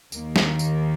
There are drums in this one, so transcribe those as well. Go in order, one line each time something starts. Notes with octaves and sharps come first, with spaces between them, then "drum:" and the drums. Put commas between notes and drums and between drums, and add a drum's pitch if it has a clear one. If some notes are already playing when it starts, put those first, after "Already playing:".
D#2 D#3 A#3, drum: tambourine
drum: snare
drum: tambourine